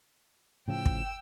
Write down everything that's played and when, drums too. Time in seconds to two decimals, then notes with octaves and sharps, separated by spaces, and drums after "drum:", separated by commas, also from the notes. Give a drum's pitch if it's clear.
0.68 A2 C#3 F3 G5 E6
0.86 drum: kick